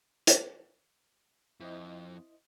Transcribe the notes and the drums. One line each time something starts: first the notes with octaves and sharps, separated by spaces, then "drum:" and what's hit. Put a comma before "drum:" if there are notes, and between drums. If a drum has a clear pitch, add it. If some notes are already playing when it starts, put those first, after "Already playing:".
drum: hi-hat
F2 E4 C5 D#5